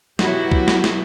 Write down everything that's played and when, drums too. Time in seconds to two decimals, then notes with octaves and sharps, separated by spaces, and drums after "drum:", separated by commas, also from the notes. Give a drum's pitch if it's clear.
0.19 B2 F#3 B3 E4 F#4 G4, drum: snare
0.51 drum: kick
0.68 drum: snare
0.84 drum: snare